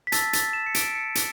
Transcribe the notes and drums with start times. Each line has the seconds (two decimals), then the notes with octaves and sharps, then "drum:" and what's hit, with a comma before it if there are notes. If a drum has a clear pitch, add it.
0.07 B6
0.12 A5 E6 A6, drum: hi-hat
0.33 A6, drum: hi-hat
0.53 E7
0.66 C#7
0.75 D7, drum: hi-hat
0.95 C#7
1.15 drum: hi-hat